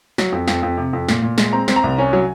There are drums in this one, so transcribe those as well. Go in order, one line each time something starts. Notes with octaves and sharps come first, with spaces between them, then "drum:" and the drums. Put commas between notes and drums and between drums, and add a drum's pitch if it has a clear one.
F#3, drum: snare
F2
F2, drum: snare
F2
C3
F2
A#2, drum: snare
A#2
G#3, drum: snare
C4 A#5
C4, drum: snare
A#5
C2
C#4 G#5
F#3